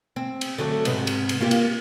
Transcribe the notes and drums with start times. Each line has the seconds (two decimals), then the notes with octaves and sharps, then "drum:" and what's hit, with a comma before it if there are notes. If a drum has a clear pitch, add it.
0.16 C4
0.41 drum: cymbal
0.58 D3 F#3 A3
0.85 G#2 C3 B3, drum: cymbal
1.07 drum: cymbal
1.29 drum: cymbal
1.40 A#3 F4 G4
1.51 drum: cymbal